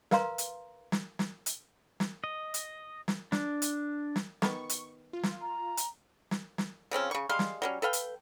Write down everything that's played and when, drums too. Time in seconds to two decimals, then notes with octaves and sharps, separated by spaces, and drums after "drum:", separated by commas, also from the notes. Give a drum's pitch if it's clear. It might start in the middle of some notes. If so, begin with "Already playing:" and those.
0.11 A#4 B4 F5 A#5 C6, drum: snare
0.38 drum: hi-hat
0.92 drum: snare
1.19 drum: snare
1.46 drum: hi-hat
2.00 drum: snare
2.24 D#5
2.54 drum: hi-hat
3.08 drum: snare
3.32 D4, drum: snare
3.62 drum: hi-hat
4.16 drum: snare
4.42 D#3 B3 C#6, drum: snare
4.69 drum: hi-hat
5.13 F4
5.23 drum: snare
5.41 A#5
5.77 drum: hi-hat
6.31 drum: snare
6.58 drum: snare
6.91 C#3 F3 C4 C#4
7.11 C#3 C#6
7.29 G3 G#3 F5 C6
7.39 drum: snare
7.62 F#3 G3 C#4
7.82 A4 B4 F5 G5
7.93 drum: hi-hat